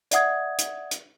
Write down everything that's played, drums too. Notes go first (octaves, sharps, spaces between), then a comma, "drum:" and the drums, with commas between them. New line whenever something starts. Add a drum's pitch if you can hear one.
D5 E5 F#5 D#6 G#6, drum: hi-hat
drum: hi-hat
drum: hi-hat